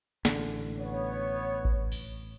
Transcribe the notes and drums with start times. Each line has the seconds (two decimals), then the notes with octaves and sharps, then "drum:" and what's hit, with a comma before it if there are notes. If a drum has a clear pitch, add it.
0.25 A1 D3, drum: snare
0.80 B3 C#5
1.65 drum: kick G#1
1.92 drum: cymbal